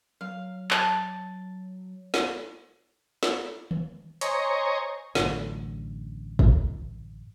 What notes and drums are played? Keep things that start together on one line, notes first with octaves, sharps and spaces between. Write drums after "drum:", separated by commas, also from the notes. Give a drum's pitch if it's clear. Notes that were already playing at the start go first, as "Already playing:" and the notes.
F#3 F5
A5, drum: clap
drum: snare
drum: snare
drum: tom D#3
C5 C#5 D#5 G#5 A#5 C#6, drum: hi-hat
A1 F#2 A2 D3, drum: snare
drum: kick